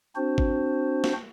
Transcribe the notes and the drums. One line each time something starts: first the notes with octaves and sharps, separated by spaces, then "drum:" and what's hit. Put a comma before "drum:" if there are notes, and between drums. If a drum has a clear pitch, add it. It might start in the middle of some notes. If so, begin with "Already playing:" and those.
C4 D4 F#4 C5
drum: kick G#1
drum: snare